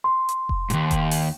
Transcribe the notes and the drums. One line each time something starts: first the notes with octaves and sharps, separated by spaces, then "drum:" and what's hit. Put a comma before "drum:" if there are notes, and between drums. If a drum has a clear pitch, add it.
C6
drum: hi-hat
drum: kick F1
D#2 G#2, drum: hi-hat
drum: kick F1, hi-hat
drum: open hi-hat